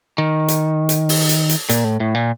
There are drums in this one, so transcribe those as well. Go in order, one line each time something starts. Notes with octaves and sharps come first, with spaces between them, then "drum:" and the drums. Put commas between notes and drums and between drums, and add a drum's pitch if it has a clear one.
D#3
drum: hi-hat
drum: hi-hat
drum: open hi-hat
drum: hi-hat
drum: hi-hat
A#2, drum: hi-hat
A2
A2
A#2